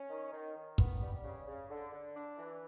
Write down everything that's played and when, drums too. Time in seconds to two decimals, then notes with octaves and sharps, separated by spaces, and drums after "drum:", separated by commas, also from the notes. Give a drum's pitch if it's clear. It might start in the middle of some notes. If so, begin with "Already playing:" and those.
Already playing: C#4
0.10 D#3
0.32 D#3
0.56 D#3
0.78 B3, drum: kick
1.02 G3
1.24 C#3
1.47 C#3
1.70 D3
1.92 D3
2.15 D4
2.38 E3